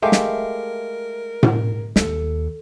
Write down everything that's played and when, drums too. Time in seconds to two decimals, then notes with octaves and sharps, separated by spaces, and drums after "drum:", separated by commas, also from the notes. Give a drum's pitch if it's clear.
0.03 G#3 A3 G4 A#4 E5 F5
0.12 drum: snare
1.43 drum: tom A2
1.96 D#2 A4, drum: snare